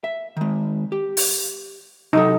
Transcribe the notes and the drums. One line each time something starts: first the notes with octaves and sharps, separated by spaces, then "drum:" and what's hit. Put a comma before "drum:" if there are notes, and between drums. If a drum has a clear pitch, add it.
E5
D#3 G#3
G4
drum: open hi-hat
C3 F#3 D#4 A4